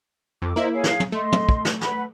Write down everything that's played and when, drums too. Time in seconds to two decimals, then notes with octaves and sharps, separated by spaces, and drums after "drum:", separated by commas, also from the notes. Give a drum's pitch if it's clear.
0.42 F2 A4 D6
0.56 A#3 E4 C5 D#5
0.72 G#4 C#5 F5
0.84 drum: snare
1.00 drum: tom
1.12 A3 D#5 C6
1.32 drum: tom
1.49 drum: kick
1.65 drum: snare
1.81 B4 F#5 B5, drum: snare